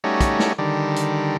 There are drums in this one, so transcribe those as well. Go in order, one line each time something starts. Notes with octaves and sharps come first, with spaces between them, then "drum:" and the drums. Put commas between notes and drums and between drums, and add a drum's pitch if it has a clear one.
G3 A3 C#4 D#4 F#4
drum: kick, hi-hat
drum: snare
D3 D#3 G3
drum: hi-hat